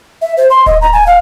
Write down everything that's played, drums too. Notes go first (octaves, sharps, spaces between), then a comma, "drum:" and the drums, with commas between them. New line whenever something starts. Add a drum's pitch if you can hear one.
E5
C5
C6
D#5, drum: kick D1
A#5
G#5
F5